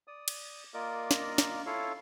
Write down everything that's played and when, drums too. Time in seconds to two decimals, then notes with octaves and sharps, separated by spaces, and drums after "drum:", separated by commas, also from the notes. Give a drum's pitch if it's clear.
0.07 D5 D#6
0.28 drum: cymbal
0.74 A#3 F4 A#4 D5 D#5
1.11 drum: snare
1.38 drum: snare
1.66 E4 F4 A4 C#5 F5